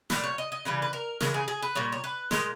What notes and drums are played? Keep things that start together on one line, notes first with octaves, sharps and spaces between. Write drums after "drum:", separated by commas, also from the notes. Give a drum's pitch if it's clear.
A#2 G3 B4, drum: snare
C#5
D#5
D#5
C#3 E3 G3 B4
B4
A#4
C#3 E3 G#3 A#4, drum: snare
G#4
G#4
B4
A#2 G3 C#5
C#5
B4
A#2 G#3 D#5, drum: snare